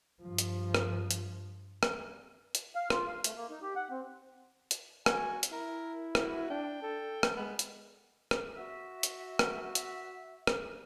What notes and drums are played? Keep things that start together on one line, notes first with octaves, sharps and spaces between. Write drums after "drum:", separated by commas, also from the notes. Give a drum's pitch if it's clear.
G2 F3
drum: hi-hat
drum: rim click
drum: hi-hat
drum: rim click
drum: hi-hat
F5
F4, drum: rim click
F5
A3, drum: hi-hat
A#3
D#4
G4
F#5
C4
drum: hi-hat
F#4 G#5, drum: rim click
drum: hi-hat
E4 A#4
F#4, drum: rim click
D4 G5
A4
drum: rim click
G#3 B3
drum: hi-hat
drum: rim click
F#4 E5
drum: hi-hat
drum: rim click
drum: hi-hat
drum: rim click